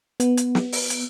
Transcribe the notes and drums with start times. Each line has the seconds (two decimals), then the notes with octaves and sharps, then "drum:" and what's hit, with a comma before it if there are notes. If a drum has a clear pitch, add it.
0.20 B3, drum: hi-hat
0.37 drum: hi-hat
0.55 drum: snare
0.72 drum: open hi-hat
0.90 drum: hi-hat